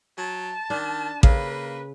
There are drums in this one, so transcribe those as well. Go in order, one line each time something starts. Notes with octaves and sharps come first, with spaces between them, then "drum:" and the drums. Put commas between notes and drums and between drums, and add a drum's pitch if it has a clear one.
F#3 A5
D#3 D4
C#3 A#3 B4, drum: kick A1